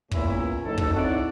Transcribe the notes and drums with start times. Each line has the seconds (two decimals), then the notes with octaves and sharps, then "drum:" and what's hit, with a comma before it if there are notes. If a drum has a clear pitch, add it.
0.11 C#2 A#2 B3 C#4 E4, drum: kick
0.64 F#1 A2 D#4 A4
0.78 drum: kick
0.94 C4 D#4 E4 C#5 D5 F#5